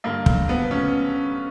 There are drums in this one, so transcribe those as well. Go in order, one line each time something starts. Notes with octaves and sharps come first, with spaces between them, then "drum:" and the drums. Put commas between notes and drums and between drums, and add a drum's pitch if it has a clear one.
G2 D3 A#3
drum: kick
B3
C#4